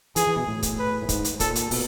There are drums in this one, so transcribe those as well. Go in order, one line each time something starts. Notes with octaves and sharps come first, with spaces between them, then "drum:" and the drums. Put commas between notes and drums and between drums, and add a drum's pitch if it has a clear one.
E3 G#4, drum: hi-hat
E3
B2
A2
drum: kick, hi-hat
B4
A2
G#2, drum: kick, hi-hat
drum: hi-hat
A#2 A4, drum: kick, hi-hat
drum: hi-hat
B2, drum: open hi-hat